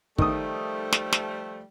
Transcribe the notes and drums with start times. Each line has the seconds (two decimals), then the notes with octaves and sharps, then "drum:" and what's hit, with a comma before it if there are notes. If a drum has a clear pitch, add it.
0.18 D#3 F3 G3 A3 D#6, drum: kick
0.93 drum: snare
1.13 drum: snare